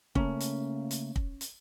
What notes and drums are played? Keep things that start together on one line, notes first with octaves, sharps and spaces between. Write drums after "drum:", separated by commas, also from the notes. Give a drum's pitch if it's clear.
C#3 A3 A#3 C#4, drum: kick
drum: hi-hat
drum: hi-hat
drum: kick
drum: hi-hat